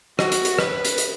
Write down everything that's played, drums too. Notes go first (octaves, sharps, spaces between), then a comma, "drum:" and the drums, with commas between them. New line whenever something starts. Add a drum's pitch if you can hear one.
F#4, drum: rim click
drum: hi-hat
drum: hi-hat
B4, drum: rim click
drum: hi-hat
drum: hi-hat